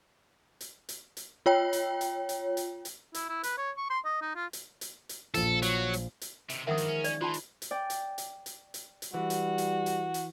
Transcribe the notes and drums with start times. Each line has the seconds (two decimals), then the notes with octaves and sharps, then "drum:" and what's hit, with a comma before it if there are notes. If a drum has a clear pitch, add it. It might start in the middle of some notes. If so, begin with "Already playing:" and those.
0.61 drum: hi-hat
0.89 drum: hi-hat
1.17 drum: hi-hat
1.46 F4 C#5 G5
1.73 drum: hi-hat
2.01 drum: hi-hat
2.29 drum: hi-hat
2.57 drum: hi-hat
2.85 drum: hi-hat
3.14 E4, drum: hi-hat
3.29 E4
3.43 B4, drum: hi-hat
3.58 C#5
3.78 C#6
3.90 C6
4.05 D#5
4.22 D#4
4.35 F4
4.53 drum: hi-hat
4.81 drum: hi-hat
5.09 drum: hi-hat
5.34 A#1 F3 A4, drum: hi-hat
5.62 F#3, drum: hi-hat
5.93 drum: hi-hat
6.21 drum: hi-hat
6.50 C3 D#3 E5, drum: hi-hat
6.67 G2 D#3 F3 G#3 A#4 E5 F#5 D#6
6.78 drum: hi-hat
6.88 C#4
7.04 D5, drum: hi-hat
7.21 E3 F4 A5 C6
7.34 drum: hi-hat
7.62 drum: hi-hat
7.71 D5 G5
7.90 drum: hi-hat
8.18 drum: hi-hat
8.46 drum: hi-hat
8.74 drum: hi-hat
9.02 drum: hi-hat
9.14 E3 G3 F#4
9.30 drum: hi-hat
9.58 drum: hi-hat
9.86 drum: hi-hat
10.14 drum: hi-hat